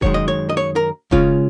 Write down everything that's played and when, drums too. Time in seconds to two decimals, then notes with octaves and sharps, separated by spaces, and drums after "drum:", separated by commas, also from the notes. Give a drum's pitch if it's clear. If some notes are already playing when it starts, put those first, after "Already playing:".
0.02 F#2 D#3 G#3 C#5, drum: kick E1
0.14 D#5
0.28 C#5
0.50 D#5
0.57 C#5
0.76 A#4
1.11 C#3 G#3 C#4 F4, drum: kick E1